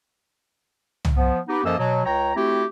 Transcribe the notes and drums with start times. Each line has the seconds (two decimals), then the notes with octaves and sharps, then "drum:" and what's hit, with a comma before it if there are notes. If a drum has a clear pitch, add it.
1.05 drum: tom C2
1.15 F3 B3
1.48 B3 D#4 G4
1.64 F#2 F3 A#3 A4 D#5 E6
1.78 B2 F#3
2.05 C#2 C#5 G5 A#5
2.36 A3 C4 E4 F#4 G4